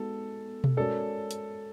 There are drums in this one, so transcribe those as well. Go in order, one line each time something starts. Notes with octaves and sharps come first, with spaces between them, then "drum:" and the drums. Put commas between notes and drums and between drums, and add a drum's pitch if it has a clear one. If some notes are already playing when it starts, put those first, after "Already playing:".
Already playing: G#3 B3 D#4 F#4 A4
drum: tom B2
G#3 C#4 F#4 A4 A#4 D5
drum: hi-hat